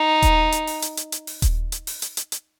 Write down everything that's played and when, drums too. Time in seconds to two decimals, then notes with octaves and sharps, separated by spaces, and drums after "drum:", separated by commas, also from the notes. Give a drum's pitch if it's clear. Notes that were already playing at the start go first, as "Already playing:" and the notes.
Already playing: D#4
0.22 drum: kick D#1, hi-hat
0.52 drum: hi-hat
0.67 drum: open hi-hat
0.82 drum: hi-hat
0.97 drum: hi-hat
1.12 drum: hi-hat
1.27 drum: open hi-hat
1.42 drum: kick D#1, hi-hat
1.72 drum: hi-hat
1.87 drum: open hi-hat
2.02 drum: hi-hat
2.17 drum: hi-hat
2.32 drum: hi-hat